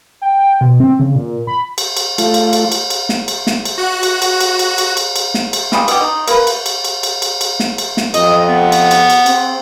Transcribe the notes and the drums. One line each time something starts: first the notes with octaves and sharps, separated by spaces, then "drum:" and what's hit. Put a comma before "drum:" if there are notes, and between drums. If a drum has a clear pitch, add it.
G5
G5
B2
C4
C#3
A#2
B5
drum: cymbal
drum: cymbal
A3 F4, drum: cymbal
drum: cymbal
drum: cymbal
drum: cymbal
drum: cymbal
drum: snare
drum: cymbal
drum: snare
drum: cymbal
F#4 F#6
drum: cymbal
drum: cymbal
drum: cymbal
drum: cymbal
drum: cymbal
drum: cymbal
drum: cymbal
drum: snare
drum: cymbal
F3 G3 G#3, drum: snare
B2 G4, drum: cymbal
D#4
A#3 B4, drum: cymbal
drum: cymbal
drum: cymbal
drum: cymbal
drum: cymbal
drum: cymbal
drum: cymbal
drum: snare
drum: cymbal
drum: snare
F2 D#5, drum: cymbal
B3
drum: cymbal
drum: cymbal
drum: cymbal
C4, drum: cymbal